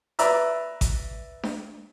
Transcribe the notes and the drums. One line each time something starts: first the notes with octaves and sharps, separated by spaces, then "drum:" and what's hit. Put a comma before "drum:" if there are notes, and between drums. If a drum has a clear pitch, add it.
B4 D5 E5 A#5, drum: hi-hat
drum: kick G#1, hi-hat
drum: snare D4